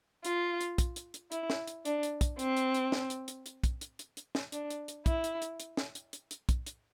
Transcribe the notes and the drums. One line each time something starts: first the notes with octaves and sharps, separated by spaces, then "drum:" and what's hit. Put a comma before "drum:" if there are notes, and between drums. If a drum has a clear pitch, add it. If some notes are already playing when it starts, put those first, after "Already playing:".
F4, drum: hi-hat
drum: hi-hat
drum: kick, hi-hat
drum: hi-hat
drum: hi-hat
E4, drum: hi-hat
drum: snare
drum: hi-hat
D4, drum: hi-hat
drum: hi-hat
drum: kick, hi-hat
C4, drum: hi-hat
drum: hi-hat
drum: hi-hat
drum: snare
drum: hi-hat
drum: hi-hat
drum: hi-hat
drum: kick, hi-hat
drum: hi-hat
drum: hi-hat
drum: hi-hat
drum: snare
D4, drum: hi-hat
drum: hi-hat
drum: hi-hat
E4, drum: kick, hi-hat
drum: hi-hat
drum: hi-hat
drum: hi-hat
drum: snare
drum: hi-hat
drum: hi-hat
drum: hi-hat
drum: kick, hi-hat
drum: hi-hat